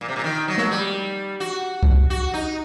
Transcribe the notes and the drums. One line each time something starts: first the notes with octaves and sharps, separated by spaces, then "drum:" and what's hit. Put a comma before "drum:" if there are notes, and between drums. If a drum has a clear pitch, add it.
A#2
C3
A#2
D#3
F#3
drum: snare
G3
F#4
drum: kick C2
F#4
D#4